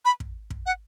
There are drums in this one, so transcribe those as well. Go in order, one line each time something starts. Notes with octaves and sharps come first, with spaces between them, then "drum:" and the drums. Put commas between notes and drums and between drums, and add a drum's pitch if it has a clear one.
B5
drum: kick
drum: kick
F#5